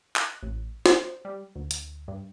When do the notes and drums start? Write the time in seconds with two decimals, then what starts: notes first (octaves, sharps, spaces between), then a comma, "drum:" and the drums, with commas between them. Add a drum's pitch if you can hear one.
0.16 F#6, drum: clap
0.43 A1
0.86 C5, drum: snare
1.25 G3
1.55 D2
1.71 drum: hi-hat
2.08 G2